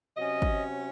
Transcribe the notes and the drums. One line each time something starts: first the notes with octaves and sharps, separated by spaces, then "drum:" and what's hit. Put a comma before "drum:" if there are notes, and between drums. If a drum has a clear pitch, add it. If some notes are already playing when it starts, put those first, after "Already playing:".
C3 F#3 C#4 D#5
drum: kick